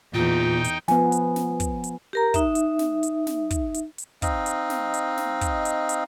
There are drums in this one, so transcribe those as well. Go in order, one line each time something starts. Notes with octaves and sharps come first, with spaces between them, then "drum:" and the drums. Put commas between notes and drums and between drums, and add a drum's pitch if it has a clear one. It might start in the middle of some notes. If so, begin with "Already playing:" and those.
E2 A#2 D#4 F4 G5
drum: hi-hat
F3 B3 G#5, drum: snare
drum: hi-hat
drum: snare
drum: kick, hi-hat
drum: hi-hat
G4 A#4 A#5
D#4 E5, drum: kick, hi-hat
drum: hi-hat
drum: snare
drum: hi-hat
drum: snare
drum: kick, hi-hat
drum: hi-hat
drum: hi-hat
C4 D#4 D#5 F5, drum: kick, hi-hat
drum: hi-hat
drum: snare
drum: hi-hat
drum: snare
drum: kick, hi-hat
drum: hi-hat
drum: hi-hat